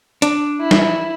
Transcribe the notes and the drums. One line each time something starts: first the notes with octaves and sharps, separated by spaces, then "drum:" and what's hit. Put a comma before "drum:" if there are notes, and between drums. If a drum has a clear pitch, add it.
D4, drum: hi-hat
E4
drum: snare